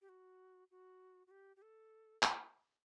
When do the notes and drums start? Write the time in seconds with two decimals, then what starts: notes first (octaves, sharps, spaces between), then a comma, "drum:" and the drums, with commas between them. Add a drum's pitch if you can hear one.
0.01 G4
0.09 F#4
0.71 F#4
1.27 F#4
1.31 G4
1.56 G4
1.62 A4
2.23 drum: clap